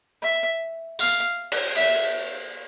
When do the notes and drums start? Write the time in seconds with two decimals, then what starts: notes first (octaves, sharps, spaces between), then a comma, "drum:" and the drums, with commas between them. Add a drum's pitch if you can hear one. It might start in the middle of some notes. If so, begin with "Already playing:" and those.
0.22 E5
0.99 F5, drum: tambourine
1.52 drum: cymbal
1.75 E5, drum: open hi-hat